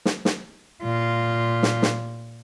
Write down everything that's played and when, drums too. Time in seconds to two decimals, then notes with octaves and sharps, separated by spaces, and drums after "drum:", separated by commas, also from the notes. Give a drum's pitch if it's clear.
0.05 drum: snare
0.25 drum: snare
0.84 A#2 F4
1.63 drum: snare
1.82 drum: snare